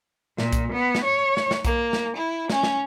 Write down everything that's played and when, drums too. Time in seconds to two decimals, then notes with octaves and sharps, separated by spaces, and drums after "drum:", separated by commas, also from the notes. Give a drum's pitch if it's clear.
0.38 A#2, drum: snare
0.53 drum: kick B1, hi-hat
0.73 B3
0.95 drum: snare
1.04 C#5
1.37 drum: snare
1.51 drum: snare
1.65 A#3, drum: kick B1, hi-hat
1.93 drum: snare
2.15 E4
2.50 C#4, drum: snare
2.63 drum: snare